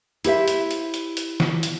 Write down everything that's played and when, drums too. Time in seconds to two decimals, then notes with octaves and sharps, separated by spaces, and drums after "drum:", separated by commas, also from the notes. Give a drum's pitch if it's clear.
0.25 E4 G4 C5 E5, drum: hi-hat
0.48 drum: hi-hat
0.71 drum: hi-hat
0.94 drum: hi-hat
1.17 drum: hi-hat
1.40 drum: snare
1.63 drum: hi-hat